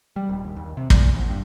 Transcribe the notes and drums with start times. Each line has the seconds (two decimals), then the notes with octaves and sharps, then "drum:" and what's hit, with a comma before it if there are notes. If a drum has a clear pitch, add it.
0.16 G3
0.29 D#1
0.45 D#2
0.57 D#2
0.77 C3
0.90 A#2, drum: kick
1.14 C2
1.28 G2